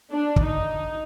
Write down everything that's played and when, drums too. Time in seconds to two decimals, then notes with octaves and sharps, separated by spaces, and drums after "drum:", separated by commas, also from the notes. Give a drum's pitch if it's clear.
0.13 D4
0.36 drum: kick
0.46 D#4